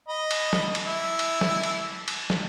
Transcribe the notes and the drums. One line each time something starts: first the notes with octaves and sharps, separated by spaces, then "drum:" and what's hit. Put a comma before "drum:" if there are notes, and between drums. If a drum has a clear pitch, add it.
D#5 B5
drum: cymbal
drum: snare
drum: cymbal
E4
drum: cymbal
drum: snare
drum: cymbal
drum: cymbal
drum: snare